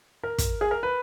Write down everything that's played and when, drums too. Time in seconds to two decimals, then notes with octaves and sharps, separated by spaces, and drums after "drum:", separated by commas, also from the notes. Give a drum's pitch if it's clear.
0.24 A#4
0.38 drum: kick, hi-hat
0.61 G#4
0.71 A#4
0.83 B4